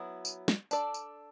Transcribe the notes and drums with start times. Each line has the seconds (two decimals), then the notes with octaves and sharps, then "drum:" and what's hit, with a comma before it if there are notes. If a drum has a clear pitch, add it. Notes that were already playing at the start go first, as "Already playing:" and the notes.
Already playing: F#3 B3 E4
0.25 drum: tambourine
0.48 drum: snare
0.71 D4 A4 D5, drum: tambourine
0.94 drum: tambourine